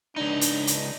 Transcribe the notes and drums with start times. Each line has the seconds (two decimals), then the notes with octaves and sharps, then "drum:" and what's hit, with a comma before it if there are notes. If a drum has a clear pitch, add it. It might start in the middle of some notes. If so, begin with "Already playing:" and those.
0.16 C#2 D4 D#4
0.41 drum: hi-hat
0.67 drum: hi-hat